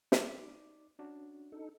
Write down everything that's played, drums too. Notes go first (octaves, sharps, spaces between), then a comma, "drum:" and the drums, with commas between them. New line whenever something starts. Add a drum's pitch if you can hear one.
D#4 D5 D6, drum: snare
C#4 D4 F#4
D#4 A4